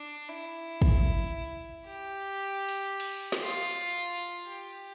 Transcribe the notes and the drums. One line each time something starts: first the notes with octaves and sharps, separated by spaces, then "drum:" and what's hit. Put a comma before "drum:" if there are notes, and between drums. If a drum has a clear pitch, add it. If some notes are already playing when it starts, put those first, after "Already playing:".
Already playing: D4
E4
drum: kick
G4
drum: hi-hat
drum: cymbal
drum: snare
F4
drum: hi-hat
G4